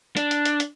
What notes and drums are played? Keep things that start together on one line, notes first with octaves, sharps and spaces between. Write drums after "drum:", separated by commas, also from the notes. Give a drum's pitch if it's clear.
D4, drum: hi-hat
drum: hi-hat
drum: hi-hat
drum: hi-hat